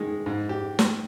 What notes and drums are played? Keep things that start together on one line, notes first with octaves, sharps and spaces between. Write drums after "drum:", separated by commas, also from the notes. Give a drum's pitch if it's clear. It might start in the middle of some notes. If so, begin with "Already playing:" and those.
Already playing: G#2 D#3 G#3
G#2
G4
drum: snare